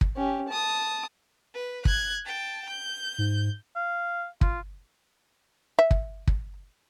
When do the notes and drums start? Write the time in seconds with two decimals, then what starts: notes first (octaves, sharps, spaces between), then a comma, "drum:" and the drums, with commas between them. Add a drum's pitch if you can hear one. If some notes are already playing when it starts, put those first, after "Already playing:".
0.01 drum: kick
0.16 C#4 G4
0.48 A5 D#6
1.54 B4
1.85 F#6 G#6, drum: kick
2.26 G5 A5
2.69 G6
3.18 G#2
3.76 F5
4.41 F4, drum: kick
5.79 E5
5.91 drum: kick
6.27 drum: kick